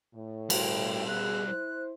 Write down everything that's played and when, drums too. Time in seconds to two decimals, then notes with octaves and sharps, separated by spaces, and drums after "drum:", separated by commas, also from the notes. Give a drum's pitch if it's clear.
0.14 A2
0.50 G3 A#4 G5, drum: cymbal
1.07 B3 G#4 F#6
1.47 E4 C5